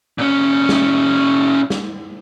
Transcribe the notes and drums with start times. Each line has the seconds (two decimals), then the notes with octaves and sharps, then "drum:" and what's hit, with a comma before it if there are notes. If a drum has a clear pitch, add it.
0.18 A#2 C#4
0.69 drum: snare
1.70 drum: snare